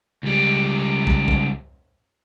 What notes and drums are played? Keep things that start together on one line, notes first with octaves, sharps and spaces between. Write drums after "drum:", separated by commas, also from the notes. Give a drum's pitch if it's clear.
C#2 G3
drum: kick
drum: kick